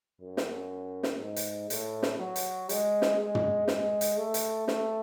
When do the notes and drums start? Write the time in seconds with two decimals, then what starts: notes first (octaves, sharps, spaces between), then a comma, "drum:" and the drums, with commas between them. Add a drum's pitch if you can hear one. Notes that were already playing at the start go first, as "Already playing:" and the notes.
0.21 F#2
0.37 drum: snare
1.03 drum: snare
1.20 G#2
1.36 drum: hi-hat
1.70 A2, drum: hi-hat
2.03 drum: snare
2.19 F#3
2.36 drum: hi-hat
2.69 G#3, drum: hi-hat
3.02 drum: snare
3.19 G#3
3.35 drum: tom
3.68 G#3, drum: snare
4.01 drum: hi-hat
4.17 A3
4.34 drum: hi-hat
4.68 A3, drum: snare